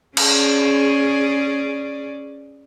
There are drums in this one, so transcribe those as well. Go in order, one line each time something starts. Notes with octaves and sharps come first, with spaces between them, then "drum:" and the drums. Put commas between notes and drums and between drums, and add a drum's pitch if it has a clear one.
C#4 G#4 D5, drum: cymbal